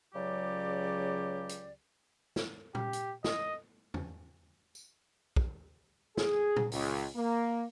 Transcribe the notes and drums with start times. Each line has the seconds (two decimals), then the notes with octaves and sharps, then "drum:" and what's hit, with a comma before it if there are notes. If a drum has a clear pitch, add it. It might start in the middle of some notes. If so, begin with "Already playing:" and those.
0.14 C#2 C#3 F#3 G4 D5
1.49 drum: hi-hat
2.36 drum: snare
2.75 G4, drum: tom A#2
2.93 drum: hi-hat
3.24 D#5, drum: snare
3.94 drum: tom E2
4.75 drum: tambourine
5.36 drum: kick
6.17 G#4, drum: snare
6.56 drum: tom A#2
6.72 C#2, drum: open hi-hat
7.15 A#3